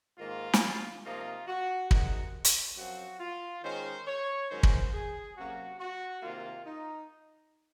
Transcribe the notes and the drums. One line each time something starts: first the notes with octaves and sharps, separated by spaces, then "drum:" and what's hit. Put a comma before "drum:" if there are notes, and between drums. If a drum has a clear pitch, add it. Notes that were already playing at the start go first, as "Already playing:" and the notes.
G#2 D#3 A#3 D#4 F4
drum: snare
C3 F3 A#3 D#4 F4
F#4
C3 D#3 G#3 D#4 F#4, drum: kick
drum: hi-hat
F#2 F3 C4 F#4
F4
D#3 G#3 C#4 C5
C#5
G#2 D#3 F#3 C#4 C5
drum: kick
G#4
C3 F#3 A#3 C#4 F#4
F#4
C3 D#3 A#3 F4
D#4